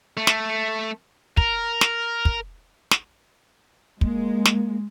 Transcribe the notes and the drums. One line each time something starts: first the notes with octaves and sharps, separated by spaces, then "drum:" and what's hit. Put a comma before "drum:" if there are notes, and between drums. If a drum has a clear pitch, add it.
A3
drum: snare
A#4, drum: kick
drum: snare
drum: kick
drum: snare
G#3 A#3, drum: kick
drum: snare